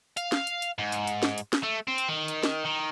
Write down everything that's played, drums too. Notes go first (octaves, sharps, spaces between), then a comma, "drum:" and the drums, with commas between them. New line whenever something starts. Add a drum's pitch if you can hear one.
F5, drum: hi-hat
drum: snare
drum: hi-hat
drum: hi-hat
G#2
drum: hi-hat
drum: hi-hat
drum: snare
drum: hi-hat
drum: snare
A3
C4
drum: hi-hat
D#3
drum: hi-hat
drum: snare
D#3